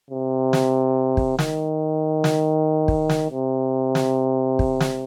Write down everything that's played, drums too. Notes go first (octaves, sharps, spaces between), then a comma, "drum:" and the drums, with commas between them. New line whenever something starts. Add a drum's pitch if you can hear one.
C3
drum: snare
drum: kick
D#3, drum: snare
drum: snare
drum: kick
drum: snare
C3
drum: snare
drum: kick
drum: snare